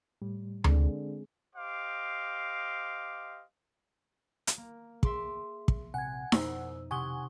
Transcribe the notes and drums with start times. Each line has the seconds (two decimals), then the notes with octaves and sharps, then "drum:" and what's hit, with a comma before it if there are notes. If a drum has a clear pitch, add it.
0.22 A2 G3
0.64 D3 G#3 C4 G#4, drum: tom D2
1.56 G4 C5 D#5 F5 D6
4.47 drum: hi-hat
4.57 A#3
5.03 G#4 E5 C6 D6, drum: kick
5.68 drum: kick
5.94 A#1 C3 F#5 G#5 G#6
6.32 F2 B2 D#4 C5 E6, drum: snare D#4
6.91 C3 F#5 G#5 C#6 D#6 G7